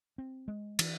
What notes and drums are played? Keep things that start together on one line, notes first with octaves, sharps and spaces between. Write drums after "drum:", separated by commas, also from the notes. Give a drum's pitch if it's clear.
C4
G#3
E3, drum: cymbal